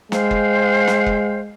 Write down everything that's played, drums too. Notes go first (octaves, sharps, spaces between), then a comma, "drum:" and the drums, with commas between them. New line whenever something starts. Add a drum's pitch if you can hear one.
G#3 C5 F5 G5, drum: snare
drum: kick F#1
drum: snare
drum: kick F#1